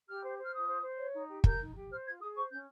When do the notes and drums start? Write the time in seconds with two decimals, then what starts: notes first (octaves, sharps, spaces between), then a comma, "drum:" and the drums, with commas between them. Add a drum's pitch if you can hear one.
0.08 G4 F6
0.23 C5
0.38 C5 F6
0.53 F4 D#6
0.68 C5
0.83 C5
0.98 C#5
1.14 D#4
1.29 G4
1.44 A#4 G6, drum: kick
1.60 D#4
1.74 G4
1.90 C5 F6
2.05 F4 G#6
2.20 G#4 D#6
2.35 C5 C#6
2.50 C#4 G6